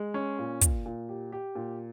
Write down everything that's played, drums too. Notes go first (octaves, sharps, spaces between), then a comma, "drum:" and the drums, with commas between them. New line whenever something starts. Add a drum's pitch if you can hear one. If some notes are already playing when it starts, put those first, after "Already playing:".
Already playing: G#3
C#4
A#2
A#2, drum: kick, hi-hat
A#2
G4
G4
A#2